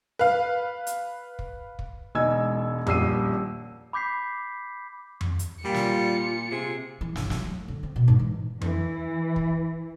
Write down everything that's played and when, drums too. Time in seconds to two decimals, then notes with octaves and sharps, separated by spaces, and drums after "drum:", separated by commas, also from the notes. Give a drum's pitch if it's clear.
0.19 B4 F5
0.87 drum: hi-hat
1.39 drum: kick
1.79 drum: kick
2.15 E1 G#3 D#4 G#5 E6 G#6
2.87 D#1 A#1 E6 C7 D#7, drum: tom F2
3.93 B5 D6 G6 B6 C7
5.21 drum: tom F2
5.39 drum: hi-hat
5.65 A#2 G3 F4 C#7
5.74 drum: snare
6.52 C3 G#4
7.01 E3
7.16 G1, drum: snare
7.30 F#3, drum: snare
7.48 A3
7.68 D3
7.83 C4
7.96 B2
8.08 G#2
8.19 E3
8.61 E3, drum: tom F2
9.36 drum: kick